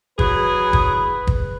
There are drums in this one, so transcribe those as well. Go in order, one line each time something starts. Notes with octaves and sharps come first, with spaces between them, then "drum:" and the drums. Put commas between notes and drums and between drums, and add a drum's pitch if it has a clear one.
E3 F#3 G#4 B4, drum: kick
drum: kick
drum: kick